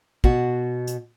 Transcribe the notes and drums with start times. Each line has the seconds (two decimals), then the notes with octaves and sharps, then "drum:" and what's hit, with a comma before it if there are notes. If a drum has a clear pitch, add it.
0.24 B2 F#4, drum: kick
0.87 drum: hi-hat